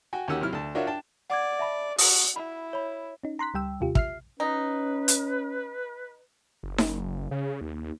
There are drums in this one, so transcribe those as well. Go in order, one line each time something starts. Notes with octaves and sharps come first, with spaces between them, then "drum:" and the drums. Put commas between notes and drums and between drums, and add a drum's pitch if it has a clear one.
F#4 G5 G#5
D#2 C#4 F#4 G4 F#5 E6
C3 F#3 E4 F6
D2 A5
D4 F4 F#4 A#4 C#5 E5
D4 G5 A5
D5 F#5 D6 G#6
E5 A5 B5
F#4 D#6, drum: open hi-hat
E4 B5
C#5 B5
C#4 D#4
A#5 C6 F#6 B6
C#2 G3 G5 E6
D#2 C3 F4 G4
E5 F6 C7, drum: kick
C#4 D#4 B4
drum: hi-hat
F#1
drum: snare D#4
C#3
D#2